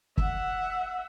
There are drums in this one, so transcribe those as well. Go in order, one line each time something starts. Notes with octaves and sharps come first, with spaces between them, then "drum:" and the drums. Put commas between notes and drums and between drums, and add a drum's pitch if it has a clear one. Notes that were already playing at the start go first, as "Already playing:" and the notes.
E5 F#5, drum: kick